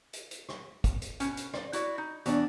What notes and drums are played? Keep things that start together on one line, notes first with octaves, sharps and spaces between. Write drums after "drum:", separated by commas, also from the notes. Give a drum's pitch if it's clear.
drum: hi-hat
drum: hi-hat
drum: rim click
drum: kick, hi-hat
drum: hi-hat
B2 C#4, drum: hi-hat
drum: hi-hat
D5, drum: rim click
E4 F#4 D5, drum: hi-hat
D#4
E2 D4 F#4, drum: hi-hat